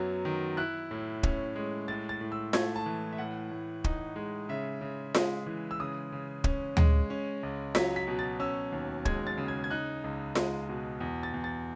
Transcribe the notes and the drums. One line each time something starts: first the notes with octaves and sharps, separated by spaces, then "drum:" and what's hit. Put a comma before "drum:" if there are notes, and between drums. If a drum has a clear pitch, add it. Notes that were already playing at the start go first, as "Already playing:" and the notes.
Already playing: F#2 F#3 B3
D#3
E4 F#6
A2
C#4, drum: kick
G#3
A2 A6
A6
A2
E6
A3 G#6, drum: snare F4
A5
E3
E5
A2 F#5
A2
D#4, drum: kick
G#3
C#3 E5
C#3
G#3, drum: snare F4
E3
E6
C#3 D#6
C#3
C#4, drum: kick
G#3, drum: tom D2
C#4
C#2
F#3 B6, drum: snare F4
B6
B2
A6
C#4 E6
D#2
G#3 G#6, drum: kick
A6
C#3
G#6
G#6
D#4 F#6
C#2
G#3, drum: snare F4
B2
E2
A6
E2
A6